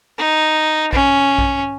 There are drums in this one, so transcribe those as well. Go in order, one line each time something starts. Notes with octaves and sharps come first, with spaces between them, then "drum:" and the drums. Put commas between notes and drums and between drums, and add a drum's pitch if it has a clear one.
D#4
C#4, drum: kick A#1
drum: kick A#1